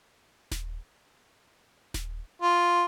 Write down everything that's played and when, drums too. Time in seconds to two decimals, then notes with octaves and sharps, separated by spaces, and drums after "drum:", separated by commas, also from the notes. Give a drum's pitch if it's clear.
0.52 drum: snare D#1
1.94 drum: snare D#1
2.42 F4